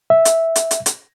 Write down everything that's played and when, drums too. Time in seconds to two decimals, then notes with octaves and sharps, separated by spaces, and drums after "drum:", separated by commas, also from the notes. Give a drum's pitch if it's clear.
0.10 E5
0.25 drum: hi-hat
0.56 drum: hi-hat
0.71 drum: hi-hat
0.86 drum: hi-hat